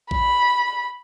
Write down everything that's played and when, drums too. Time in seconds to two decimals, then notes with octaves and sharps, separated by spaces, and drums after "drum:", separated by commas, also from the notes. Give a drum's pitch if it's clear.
0.11 B5, drum: kick A#1